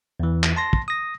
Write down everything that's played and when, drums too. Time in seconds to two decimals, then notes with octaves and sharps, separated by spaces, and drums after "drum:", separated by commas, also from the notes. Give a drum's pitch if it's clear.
0.20 E2 E3
0.43 drum: clap
0.56 A5 C6 A#6
0.73 drum: kick
0.88 D#6 A#6